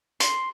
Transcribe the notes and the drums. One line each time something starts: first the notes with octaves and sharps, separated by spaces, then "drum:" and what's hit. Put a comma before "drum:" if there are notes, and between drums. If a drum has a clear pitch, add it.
C6, drum: hi-hat